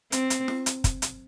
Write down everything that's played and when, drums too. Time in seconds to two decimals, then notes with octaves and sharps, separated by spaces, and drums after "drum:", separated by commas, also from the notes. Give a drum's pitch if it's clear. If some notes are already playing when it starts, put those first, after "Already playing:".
0.12 C4, drum: hi-hat
0.30 drum: hi-hat
0.48 drum: snare
0.66 drum: hi-hat
0.84 drum: kick, hi-hat
1.02 drum: hi-hat